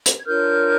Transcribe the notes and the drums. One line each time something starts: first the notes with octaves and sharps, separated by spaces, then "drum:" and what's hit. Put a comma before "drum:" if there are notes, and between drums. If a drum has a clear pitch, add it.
drum: hi-hat
G#6
D4 F4 A#4 C#5 F6 G6